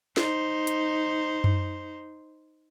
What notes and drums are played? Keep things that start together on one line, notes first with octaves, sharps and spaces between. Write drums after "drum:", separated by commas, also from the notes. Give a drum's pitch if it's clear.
D#4 C5, drum: snare
drum: hi-hat
drum: tom F#2